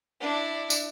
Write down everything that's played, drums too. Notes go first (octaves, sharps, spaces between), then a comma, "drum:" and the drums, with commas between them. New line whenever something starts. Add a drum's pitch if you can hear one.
D4 E4
drum: tambourine